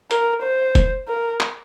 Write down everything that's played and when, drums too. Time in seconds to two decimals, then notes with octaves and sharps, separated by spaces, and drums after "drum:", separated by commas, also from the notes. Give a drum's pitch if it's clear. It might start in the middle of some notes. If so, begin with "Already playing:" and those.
0.11 A#4, drum: hi-hat
0.43 C5
0.75 drum: kick F1, hi-hat
1.08 A#4
1.40 drum: clap